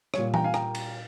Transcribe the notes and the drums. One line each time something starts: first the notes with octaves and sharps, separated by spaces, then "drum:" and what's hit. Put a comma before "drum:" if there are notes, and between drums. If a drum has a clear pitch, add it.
A#2 G3 C#5, drum: rim click
G5 A#5, drum: tom E3
F5 G#5
G5 A#5, drum: rim click
drum: cymbal